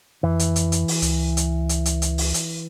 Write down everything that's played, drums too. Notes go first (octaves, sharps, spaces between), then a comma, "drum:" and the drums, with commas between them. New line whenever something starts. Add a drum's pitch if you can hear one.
F2 E3
drum: hi-hat
drum: hi-hat
drum: hi-hat
drum: open hi-hat
C#2, drum: hi-hat
drum: hi-hat
drum: hi-hat
drum: hi-hat
drum: hi-hat
drum: open hi-hat
drum: hi-hat